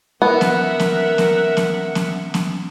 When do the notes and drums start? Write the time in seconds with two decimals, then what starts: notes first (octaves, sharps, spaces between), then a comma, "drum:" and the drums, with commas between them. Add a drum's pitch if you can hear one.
0.22 B3 A#4 E5 F#5
0.41 drum: snare B3
0.80 drum: snare B3
1.18 drum: snare B3
1.57 drum: snare B3
1.95 drum: snare B3
2.34 drum: snare B3